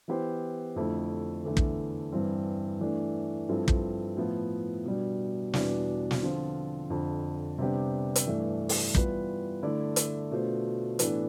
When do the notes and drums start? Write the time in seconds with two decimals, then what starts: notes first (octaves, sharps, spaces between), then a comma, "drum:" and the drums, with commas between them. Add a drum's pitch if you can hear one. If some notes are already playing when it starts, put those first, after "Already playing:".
0.08 E3 B3 E4 G4 C5
0.76 F2 D3 A3 E4
1.44 E2 D3 A3 E4
1.57 drum: kick
2.12 G2 E3 G3 C4
2.81 E3 A3 D4
3.49 G2 F3 C4 E4 A4
3.68 drum: kick
4.17 A2 F3 B3 E4
4.85 B2 G3 D4
5.54 E2 B2 G3 D4, drum: snare
6.11 drum: snare
6.22 D3 F3 C4 F4
6.90 F2 D3 F3
7.58 C3 G3 B3 D4 G4
8.16 drum: hi-hat
8.26 G2 E3 A3 D4
8.69 drum: open hi-hat
8.95 E3 G3 B3 F4 B4, drum: kick
9.63 D3 A3 E4 A4 D5
9.96 drum: hi-hat
10.31 B2 A3 D4 F4 C5
10.99 A2 E3 B3 D4 A4, drum: hi-hat